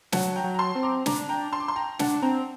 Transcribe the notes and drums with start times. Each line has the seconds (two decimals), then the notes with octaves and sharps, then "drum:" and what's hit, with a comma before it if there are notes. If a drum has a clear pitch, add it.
0.12 F#3 F#5 A5, drum: snare
0.36 G5 A#5
0.44 F#3
0.54 A#5
0.59 A5 C6
0.75 C4
0.83 A#5 D6
1.06 D4 A#5 D6, drum: snare
1.29 G5 A#5
1.53 A5 C6
1.60 D6
1.68 C6
1.76 G5 A#5
1.99 D4 F#5 A5, drum: snare
2.22 C4 G5 A#5